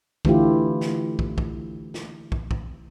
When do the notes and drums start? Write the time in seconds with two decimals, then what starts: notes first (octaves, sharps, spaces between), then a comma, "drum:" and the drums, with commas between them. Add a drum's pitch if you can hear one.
0.25 D3 E3 A3 E4 F4 G4, drum: kick
0.81 drum: snare
1.19 drum: kick
1.38 drum: kick
1.94 drum: snare
2.32 drum: kick
2.51 drum: kick